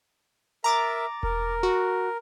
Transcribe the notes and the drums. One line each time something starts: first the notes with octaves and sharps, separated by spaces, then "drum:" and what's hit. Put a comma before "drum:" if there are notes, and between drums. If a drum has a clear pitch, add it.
A#4 E5 A#5 D6 A6
A#4, drum: kick E1
F#4